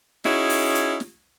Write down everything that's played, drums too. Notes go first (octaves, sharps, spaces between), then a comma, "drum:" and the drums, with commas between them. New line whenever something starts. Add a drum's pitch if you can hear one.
C#4 D#4 E4 F#4 G#4, drum: snare
drum: open hi-hat
drum: hi-hat
drum: snare